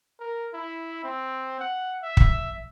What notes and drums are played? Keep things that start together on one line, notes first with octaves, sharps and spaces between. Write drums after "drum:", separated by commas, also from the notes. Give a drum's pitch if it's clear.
A#4
E4
C4
F#5
E5
drum: kick